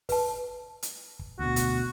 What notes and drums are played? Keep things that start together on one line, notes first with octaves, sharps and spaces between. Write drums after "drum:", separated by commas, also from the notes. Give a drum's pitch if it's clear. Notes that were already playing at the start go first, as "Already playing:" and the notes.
B4 A5, drum: kick, open hi-hat
drum: hi-hat
drum: kick
D2 B2 F#4
drum: kick, hi-hat